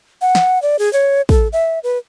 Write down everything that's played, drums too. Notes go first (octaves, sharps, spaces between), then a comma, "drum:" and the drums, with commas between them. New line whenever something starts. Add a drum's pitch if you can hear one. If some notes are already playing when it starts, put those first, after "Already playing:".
F#5
drum: snare
D5
G#4
C#5
A4, drum: kick
E5
B4